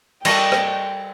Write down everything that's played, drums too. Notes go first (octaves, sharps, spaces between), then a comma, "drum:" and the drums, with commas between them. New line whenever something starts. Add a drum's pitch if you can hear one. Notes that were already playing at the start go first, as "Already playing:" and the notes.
G3 A4 A#4 D#5 G5 A5 C#6, drum: cymbal
drum: rim click